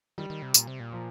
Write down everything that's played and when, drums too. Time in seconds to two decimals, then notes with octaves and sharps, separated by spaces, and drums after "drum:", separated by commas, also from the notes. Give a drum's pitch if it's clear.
0.18 D#3 G3
0.30 D#3
0.42 C3
0.54 A#2, drum: tambourine
0.67 C3
0.80 A#2
0.92 F3